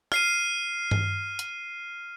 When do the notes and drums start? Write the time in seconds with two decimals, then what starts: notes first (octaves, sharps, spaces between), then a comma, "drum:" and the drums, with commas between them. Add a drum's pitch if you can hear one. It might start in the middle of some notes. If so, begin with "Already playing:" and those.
0.12 F6 C7 D#7, drum: rim click
0.91 drum: tom G2
1.39 drum: hi-hat